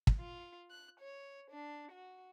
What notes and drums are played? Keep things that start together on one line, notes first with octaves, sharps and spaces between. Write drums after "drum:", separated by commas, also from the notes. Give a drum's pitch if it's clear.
drum: kick
F4
F#6
C#5
D4
F#4